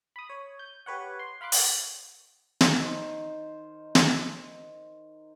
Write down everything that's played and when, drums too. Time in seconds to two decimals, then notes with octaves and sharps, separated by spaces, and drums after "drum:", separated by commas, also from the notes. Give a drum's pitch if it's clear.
0.16 B5 D#6
0.29 C#5
0.59 G6
0.86 G4 B4 C#5 F#5
1.19 C6
1.41 F5 B5 C6 D6 F#6
1.52 drum: open hi-hat
2.61 drum: snare
2.79 D#3 C5
3.95 drum: snare